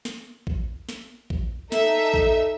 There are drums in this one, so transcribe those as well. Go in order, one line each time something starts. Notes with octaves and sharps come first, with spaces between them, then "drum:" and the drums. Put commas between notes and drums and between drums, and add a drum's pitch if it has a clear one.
drum: snare
drum: kick A1
drum: snare
drum: kick A1
D#4 A4 E5, drum: snare
drum: kick A1